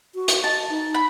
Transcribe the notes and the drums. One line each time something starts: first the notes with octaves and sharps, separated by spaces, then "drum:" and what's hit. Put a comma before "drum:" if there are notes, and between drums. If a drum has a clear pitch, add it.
F#4
drum: hi-hat
D#5 A5
D#4
B5